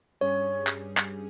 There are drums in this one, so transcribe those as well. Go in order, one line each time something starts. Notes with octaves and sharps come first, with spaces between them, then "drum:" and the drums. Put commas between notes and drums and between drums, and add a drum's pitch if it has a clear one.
G2 G3 C#4 G#4 C#5
drum: clap
drum: clap